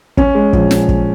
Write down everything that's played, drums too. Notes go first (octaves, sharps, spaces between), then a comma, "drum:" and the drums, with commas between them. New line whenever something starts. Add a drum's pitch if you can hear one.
C#4, drum: kick
G#3
A#1, drum: kick
drum: snare
drum: kick